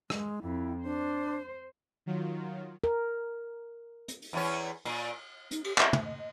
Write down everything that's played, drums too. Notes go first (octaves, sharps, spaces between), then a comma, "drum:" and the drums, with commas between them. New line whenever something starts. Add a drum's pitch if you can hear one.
G#3, drum: rim click
F2 E4
D4 C5
D#3 F#3 F4
A#4
drum: hi-hat
drum: open hi-hat
E2 C#4
A#2, drum: cymbal
D#4, drum: hi-hat
G4, drum: cymbal
E5, drum: clap
drum: tom
D#5
D#5